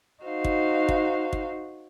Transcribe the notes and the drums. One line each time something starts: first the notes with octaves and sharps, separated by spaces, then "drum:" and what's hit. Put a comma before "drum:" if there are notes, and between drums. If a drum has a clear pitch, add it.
D#4 F#4 C5 F5
drum: kick
drum: kick
drum: kick